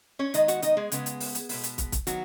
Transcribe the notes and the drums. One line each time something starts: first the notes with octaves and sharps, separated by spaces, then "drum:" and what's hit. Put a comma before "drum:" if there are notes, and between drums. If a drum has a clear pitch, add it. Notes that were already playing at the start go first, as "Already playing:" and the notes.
C#4 C#5
D#3 G#3 B3 D#4 D#5, drum: hi-hat
F#4 F#5, drum: hi-hat
D#4 D#5, drum: hi-hat
G#3 G#4
C#3 G#3 B3, drum: hi-hat
drum: hi-hat
drum: open hi-hat
drum: hi-hat
B2 G#3 B3, drum: open hi-hat
drum: hi-hat
drum: kick, hi-hat
drum: kick, hi-hat
D#3 F#3 B3 F#4, drum: hi-hat